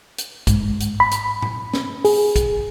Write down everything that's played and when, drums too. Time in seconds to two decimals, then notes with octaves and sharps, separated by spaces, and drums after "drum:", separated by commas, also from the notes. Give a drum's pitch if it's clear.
0.18 drum: hi-hat
0.47 G#2, drum: kick, hi-hat
0.80 drum: hi-hat
1.00 B5
1.11 drum: hi-hat
1.42 drum: tom A2
1.74 drum: snare
2.05 G#4, drum: open hi-hat
2.36 drum: kick, hi-hat